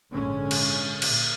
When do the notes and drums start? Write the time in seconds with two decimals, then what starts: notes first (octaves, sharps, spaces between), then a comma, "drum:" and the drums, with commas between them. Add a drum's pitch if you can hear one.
0.11 A#1 G#2 D3 G#3 C#4
0.51 drum: cymbal
1.02 A#2, drum: cymbal